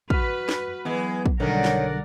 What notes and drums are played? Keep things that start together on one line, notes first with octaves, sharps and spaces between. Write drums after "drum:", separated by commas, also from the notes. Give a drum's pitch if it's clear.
F#4 B4 F6, drum: kick
drum: snare
E3 F#3 G#3 B3
drum: kick
B1 D3 D#3 G3 C#4 A#4 D5 F#5
drum: snare